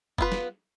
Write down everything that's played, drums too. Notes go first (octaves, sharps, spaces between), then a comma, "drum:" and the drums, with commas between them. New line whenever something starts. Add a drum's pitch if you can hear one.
B3 F4 B4, drum: kick F#1
drum: snare